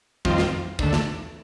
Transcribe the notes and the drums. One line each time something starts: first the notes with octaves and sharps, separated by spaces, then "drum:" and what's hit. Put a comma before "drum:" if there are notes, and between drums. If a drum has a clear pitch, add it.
F2 D#3 G3 C4 F4, drum: kick
drum: snare
D#2 D3 A3, drum: kick
drum: snare